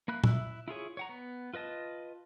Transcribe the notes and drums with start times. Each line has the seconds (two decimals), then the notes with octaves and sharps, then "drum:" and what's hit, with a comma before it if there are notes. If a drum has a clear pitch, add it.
0.08 A#3 E4 B5 F#6
0.24 E4 E5 E6 F#6, drum: tom A#2
0.68 E4 F4 G#4 C#5
0.97 C#5 F#5 A#5
1.09 B3
1.54 F4 B4 D#5 A5